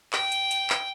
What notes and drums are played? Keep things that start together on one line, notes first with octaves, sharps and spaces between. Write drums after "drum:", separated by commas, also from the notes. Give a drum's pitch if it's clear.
G5, drum: clap
drum: hi-hat
drum: hi-hat
drum: clap